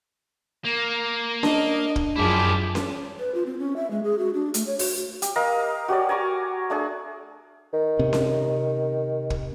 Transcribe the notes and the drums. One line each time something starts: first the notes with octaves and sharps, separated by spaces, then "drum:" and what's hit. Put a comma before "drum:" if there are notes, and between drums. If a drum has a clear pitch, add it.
A#3
D4 D#5, drum: snare C#4
drum: kick
F#2 F3 E4 G4 G#4 A5 D6
drum: snare C#4
B4
F4
C4
C#4
E5
G#3
G#4
F#4
D4
A3, drum: hi-hat
C#5
F#4, drum: open hi-hat
G4, drum: hi-hat
A#4 D#5 F5 A#5
F#4 G4 C#5 D5
G#5 A#5 C#6 D6
A3 D4 G#4
D#3
C3
drum: snare C#4
drum: kick